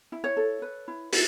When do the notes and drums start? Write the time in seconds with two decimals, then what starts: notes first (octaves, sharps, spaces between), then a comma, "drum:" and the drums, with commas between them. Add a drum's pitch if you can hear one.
0.12 E4
0.24 C#5
0.37 A4
0.62 B4
0.88 E4
1.13 E4, drum: open hi-hat